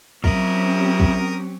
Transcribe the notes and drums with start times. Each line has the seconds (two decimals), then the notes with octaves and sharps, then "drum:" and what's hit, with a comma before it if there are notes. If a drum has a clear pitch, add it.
0.24 F#3 C4 C#4 F4 G4 A#4 E5 D#6, drum: kick
1.00 drum: kick